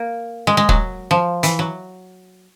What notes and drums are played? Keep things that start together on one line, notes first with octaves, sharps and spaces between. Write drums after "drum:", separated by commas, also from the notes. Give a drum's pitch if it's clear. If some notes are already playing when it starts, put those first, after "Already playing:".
Already playing: A#3
G#3
G#3
F#3, drum: kick
F3
E3, drum: hi-hat
F#3